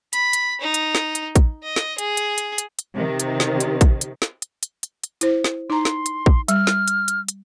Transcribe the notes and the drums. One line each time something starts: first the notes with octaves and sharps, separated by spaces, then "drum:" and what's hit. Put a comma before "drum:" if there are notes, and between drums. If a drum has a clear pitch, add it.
B5, drum: hi-hat
drum: hi-hat
D#4
drum: hi-hat
drum: snare
drum: hi-hat
drum: kick, hi-hat
D#5
drum: snare
G#4, drum: hi-hat
drum: hi-hat
drum: hi-hat
drum: hi-hat
drum: hi-hat
C3 D#3
drum: hi-hat
drum: snare
drum: hi-hat
drum: kick, hi-hat
drum: hi-hat
drum: snare
drum: hi-hat
drum: hi-hat
drum: hi-hat
drum: hi-hat
E4 C5, drum: hi-hat
drum: snare
D#4 A#5 C6
drum: snare
drum: hi-hat
drum: kick
G3 F6, drum: hi-hat
drum: snare
drum: hi-hat
drum: hi-hat
drum: hi-hat